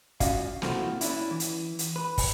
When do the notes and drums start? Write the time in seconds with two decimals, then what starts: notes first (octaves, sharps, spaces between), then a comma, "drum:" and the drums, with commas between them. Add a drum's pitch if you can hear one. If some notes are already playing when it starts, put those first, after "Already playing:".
0.20 C#2 C#4 F#4 D5 D#5 F5, drum: kick, hi-hat
0.62 F3 A3 A#3 C4 E4 F#4, drum: snare
1.01 C#4 D4 E4, drum: hi-hat
1.31 E3
1.40 drum: hi-hat
1.79 drum: hi-hat
1.96 B4
2.18 drum: kick, open hi-hat